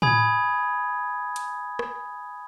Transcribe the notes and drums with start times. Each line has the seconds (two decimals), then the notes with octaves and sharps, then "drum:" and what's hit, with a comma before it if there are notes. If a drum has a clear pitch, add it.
0.02 G#5 B5 D#6 G#6, drum: tom A2
1.36 drum: hi-hat
1.79 drum: rim click